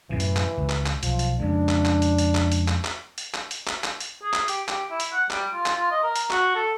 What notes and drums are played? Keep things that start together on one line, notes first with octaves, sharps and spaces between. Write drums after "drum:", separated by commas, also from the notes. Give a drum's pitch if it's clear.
F#2 A2 C3 E3
drum: hi-hat
drum: clap
C#2
drum: clap
drum: clap
B1 F3, drum: hi-hat
drum: hi-hat
F2 C#3 G#3 D4
drum: clap
drum: clap
drum: hi-hat
drum: hi-hat
drum: clap
drum: hi-hat
drum: clap
drum: clap
drum: hi-hat
drum: clap
drum: hi-hat
drum: clap
drum: clap
drum: hi-hat
G#4
drum: clap
G4, drum: hi-hat
G4, drum: clap
E4
drum: hi-hat
F#5
G3, drum: clap
F4
drum: clap
F4
D#5
A#4
drum: hi-hat
F#4, drum: clap
A4